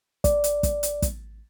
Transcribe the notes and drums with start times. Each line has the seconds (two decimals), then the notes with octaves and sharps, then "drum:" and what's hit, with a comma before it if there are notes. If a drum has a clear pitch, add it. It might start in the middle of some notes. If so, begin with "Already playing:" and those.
0.24 D5, drum: kick, hi-hat
0.44 drum: hi-hat
0.63 drum: kick, hi-hat
0.83 drum: hi-hat
1.02 drum: kick, hi-hat